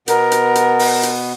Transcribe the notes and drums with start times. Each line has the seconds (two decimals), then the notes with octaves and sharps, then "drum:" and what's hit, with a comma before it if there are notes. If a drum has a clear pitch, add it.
0.08 B2 B3 A#4, drum: hi-hat
0.32 drum: hi-hat
0.55 drum: hi-hat
0.79 drum: open hi-hat
1.03 drum: hi-hat